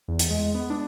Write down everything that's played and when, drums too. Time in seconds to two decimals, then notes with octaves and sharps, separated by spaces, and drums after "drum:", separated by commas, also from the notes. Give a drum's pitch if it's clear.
0.08 E2
0.19 drum: hi-hat
0.30 G#3
0.55 B3
0.70 D4